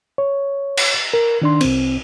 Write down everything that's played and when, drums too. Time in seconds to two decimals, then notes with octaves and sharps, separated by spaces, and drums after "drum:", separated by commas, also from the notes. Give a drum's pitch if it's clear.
0.18 C#5
0.77 drum: cymbal
1.14 A#4
1.42 D#3 D4 C6
1.61 C2 C4, drum: cymbal